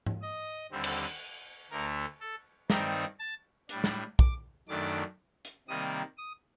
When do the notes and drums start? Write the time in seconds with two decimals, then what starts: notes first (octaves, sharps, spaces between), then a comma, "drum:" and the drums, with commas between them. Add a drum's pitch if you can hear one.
0.06 drum: tom G#2
0.22 D#5
0.71 D#2 D3 G3 C4
0.84 drum: cymbal
1.71 D2 D3 A3 A#4
2.20 A4
2.70 G2 D#3 G3 C4 D#4 A#4, drum: snare
3.19 A5
3.69 A2 G3 D4, drum: hi-hat
3.84 drum: snare
4.19 D6, drum: kick
4.68 F#2 D#3 A3 D4 D6
5.45 drum: hi-hat
5.68 C3 D#3 G3 A#3 D#6
6.17 D#6